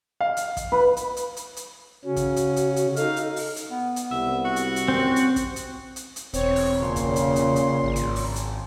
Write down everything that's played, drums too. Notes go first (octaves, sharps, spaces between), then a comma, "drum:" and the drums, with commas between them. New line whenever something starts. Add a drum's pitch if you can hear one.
F5
drum: hi-hat
drum: kick, hi-hat
B4
drum: hi-hat
drum: hi-hat
drum: hi-hat
drum: hi-hat
C#3 C#4 F#4
drum: kick, hi-hat
drum: hi-hat
drum: hi-hat
drum: hi-hat
D#4 A4 F5, drum: hi-hat
drum: hi-hat
drum: open hi-hat
drum: hi-hat
B3
drum: hi-hat
C2 E5
F#4
drum: hi-hat
drum: hi-hat
C4 C#4
drum: hi-hat
drum: kick, hi-hat
drum: hi-hat
drum: hi-hat
drum: hi-hat
E1 C4 C#5, drum: hi-hat
drum: open hi-hat
A#2 C#3 C6
drum: kick, hi-hat
drum: hi-hat
drum: hi-hat
drum: hi-hat
G#1
drum: hi-hat
drum: open hi-hat
drum: hi-hat